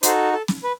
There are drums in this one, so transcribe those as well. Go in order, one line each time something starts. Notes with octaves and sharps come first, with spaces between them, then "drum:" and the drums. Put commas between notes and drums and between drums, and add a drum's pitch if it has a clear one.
D#4 F#4 A4 C5, drum: hi-hat
A4
drum: snare
B4